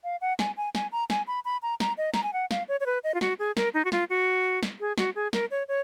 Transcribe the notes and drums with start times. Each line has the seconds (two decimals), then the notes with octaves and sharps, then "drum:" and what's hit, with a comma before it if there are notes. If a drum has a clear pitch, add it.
0.04 F5
0.21 F#5
0.39 G#5, drum: snare
0.57 G#5
0.75 G#5, drum: snare
0.92 A#5
1.10 G#5, drum: snare
1.27 B5
1.45 B5
1.62 A#5
1.80 A#5, drum: snare
1.98 D#5
2.14 A#5, drum: snare
2.23 G#5
2.33 F#5
2.51 F5, drum: snare
2.68 C#5
2.80 C#5
2.86 B4
3.04 D#5
3.14 F4
3.21 F#4, drum: snare
3.39 G#4
3.57 A#4, drum: snare
3.74 D#4
3.85 F#4
3.92 F4, drum: snare
4.10 F#4
4.63 drum: snare
4.80 G#4
4.98 F#4, drum: snare
5.15 G#4
5.33 A#4, drum: snare
5.51 C#5
5.68 C#5